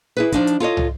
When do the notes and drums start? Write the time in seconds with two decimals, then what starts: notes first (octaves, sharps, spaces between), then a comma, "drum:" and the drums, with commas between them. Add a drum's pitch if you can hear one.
0.17 E4 G#4 B4
0.32 F3 D4 D#4, drum: kick, hi-hat
0.47 drum: hi-hat
0.60 F4 A4 C#5 D#5
0.77 drum: tom